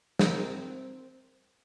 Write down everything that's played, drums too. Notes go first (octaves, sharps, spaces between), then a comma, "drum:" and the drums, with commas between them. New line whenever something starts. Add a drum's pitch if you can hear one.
C4 A#4, drum: snare